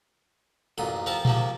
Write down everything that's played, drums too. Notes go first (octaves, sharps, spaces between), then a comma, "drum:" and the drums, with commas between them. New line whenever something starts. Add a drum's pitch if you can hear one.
A1 F#2 A#2 D#6
F3 C4 A#4 F5 A5
G#2 C3 F3 A#3, drum: tom A#2